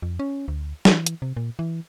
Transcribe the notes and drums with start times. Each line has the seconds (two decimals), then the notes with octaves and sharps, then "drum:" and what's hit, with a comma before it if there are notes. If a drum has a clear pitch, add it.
0.02 F2
0.19 C#4
0.48 D2
0.85 E3, drum: snare
1.06 drum: hi-hat
1.22 C3
1.37 A#2
1.59 E3